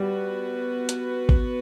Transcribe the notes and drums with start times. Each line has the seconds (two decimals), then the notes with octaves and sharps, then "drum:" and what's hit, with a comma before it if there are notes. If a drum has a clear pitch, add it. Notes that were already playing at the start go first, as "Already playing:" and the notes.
Already playing: G3 B3 F#4 B4
0.89 drum: hi-hat
1.29 drum: kick